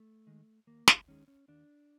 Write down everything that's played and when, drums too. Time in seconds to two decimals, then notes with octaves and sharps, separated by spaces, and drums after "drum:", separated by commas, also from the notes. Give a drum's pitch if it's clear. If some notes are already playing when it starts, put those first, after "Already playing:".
Already playing: A3
0.27 D#3 G#3
0.67 D#2 A#3
0.88 drum: snare
1.08 D#3 G#3 C#4
1.28 C#4
1.48 D#2 D4